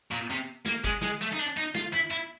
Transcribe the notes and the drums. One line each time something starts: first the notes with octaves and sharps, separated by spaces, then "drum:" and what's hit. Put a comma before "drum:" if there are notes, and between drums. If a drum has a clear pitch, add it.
A#2
C3
A#3, drum: snare
G#3, drum: kick
G#3, drum: snare
A3
D#4
D4
D#4
F4, drum: snare
E4
E4